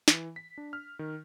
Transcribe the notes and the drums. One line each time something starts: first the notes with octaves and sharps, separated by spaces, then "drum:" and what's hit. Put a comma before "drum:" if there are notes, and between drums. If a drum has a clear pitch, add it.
E3, drum: snare
B6
D4
F6
D#3